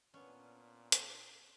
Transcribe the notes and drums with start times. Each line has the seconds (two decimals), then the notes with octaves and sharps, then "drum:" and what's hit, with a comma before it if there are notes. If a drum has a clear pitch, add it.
0.14 A#2 B3 C#4 D4
0.92 drum: hi-hat